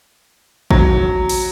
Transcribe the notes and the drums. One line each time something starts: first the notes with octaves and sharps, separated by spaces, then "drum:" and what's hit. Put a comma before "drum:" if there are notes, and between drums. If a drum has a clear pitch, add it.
F#3, drum: kick G#1
drum: open hi-hat